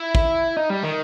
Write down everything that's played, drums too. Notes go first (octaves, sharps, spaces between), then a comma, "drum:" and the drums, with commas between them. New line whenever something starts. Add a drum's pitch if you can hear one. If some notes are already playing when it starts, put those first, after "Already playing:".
Already playing: E4
drum: kick
D#4
G3
D#3